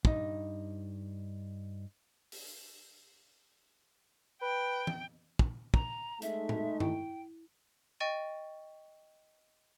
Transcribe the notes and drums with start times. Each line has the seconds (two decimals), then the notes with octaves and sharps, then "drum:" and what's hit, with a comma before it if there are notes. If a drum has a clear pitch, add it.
0.05 G2 D#4, drum: kick
2.32 drum: open hi-hat
4.42 B4 G5
4.87 drum: tom E3
5.39 drum: kick
5.74 A#5, drum: kick
6.22 G#3 A3 D#4 E5, drum: hi-hat
6.49 drum: tom A2
6.80 E4 G5, drum: tom G2
8.00 D#5 G5 C#6 A6 D#7